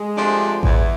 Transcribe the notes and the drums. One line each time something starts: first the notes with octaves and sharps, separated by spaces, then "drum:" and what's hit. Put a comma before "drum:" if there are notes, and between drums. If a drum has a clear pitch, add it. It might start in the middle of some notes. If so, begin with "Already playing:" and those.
Already playing: G#3
C3 F3 A3 D4
E2, drum: kick A1